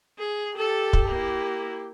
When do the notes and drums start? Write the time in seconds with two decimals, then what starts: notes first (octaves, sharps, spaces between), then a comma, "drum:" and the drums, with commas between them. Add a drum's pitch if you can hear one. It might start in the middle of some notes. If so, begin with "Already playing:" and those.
0.19 G#4
0.57 G4 A4
0.93 drum: kick
1.08 A#3 E4